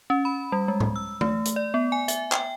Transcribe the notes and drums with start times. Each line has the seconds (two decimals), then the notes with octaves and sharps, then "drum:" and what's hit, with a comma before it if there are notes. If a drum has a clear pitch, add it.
0.10 C#4
0.25 B5
0.52 G3
0.68 G#3
0.80 drum: tom A2
0.96 E6
1.21 A3, drum: tom
1.45 drum: hi-hat
1.56 D5
1.74 B3
1.92 G#5
2.08 E5, drum: hi-hat
2.32 G5, drum: clap